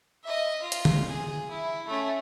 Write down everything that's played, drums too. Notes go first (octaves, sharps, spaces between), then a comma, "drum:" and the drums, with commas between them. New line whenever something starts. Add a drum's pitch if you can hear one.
D#5 E5
F4
drum: hi-hat
drum: tom
G#4
E4
A3 C#4